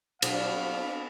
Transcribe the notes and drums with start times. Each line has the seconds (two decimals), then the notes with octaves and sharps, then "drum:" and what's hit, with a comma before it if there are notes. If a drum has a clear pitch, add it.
0.22 F#3 G3 B3 D4 F4 F5, drum: cymbal